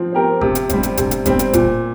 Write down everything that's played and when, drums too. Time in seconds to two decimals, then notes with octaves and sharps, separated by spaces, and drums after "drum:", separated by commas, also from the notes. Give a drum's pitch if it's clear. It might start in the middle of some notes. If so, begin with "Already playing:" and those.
Already playing: F3 C4
0.13 C4 G4 A#4
0.41 C3, drum: kick F#1
0.55 drum: hi-hat
0.69 G3 C4, drum: kick F#1, hi-hat
0.83 drum: hi-hat
0.97 C3, drum: kick F#1, hi-hat
1.11 drum: hi-hat
1.26 G3 C4, drum: kick F#1, hi-hat
1.39 drum: hi-hat
1.53 A#2, drum: kick F#1, hi-hat